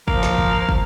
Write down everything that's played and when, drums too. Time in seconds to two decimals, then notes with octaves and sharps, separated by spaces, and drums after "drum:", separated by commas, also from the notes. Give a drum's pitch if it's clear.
0.08 F3 A#3, drum: kick
0.23 drum: snare
0.38 drum: kick
0.69 drum: kick